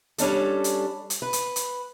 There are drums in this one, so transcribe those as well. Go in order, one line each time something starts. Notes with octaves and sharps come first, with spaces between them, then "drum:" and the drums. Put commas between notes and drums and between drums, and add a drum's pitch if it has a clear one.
G3 C#4 D4 A4, drum: hi-hat
drum: hi-hat
drum: hi-hat
B4
drum: hi-hat
drum: hi-hat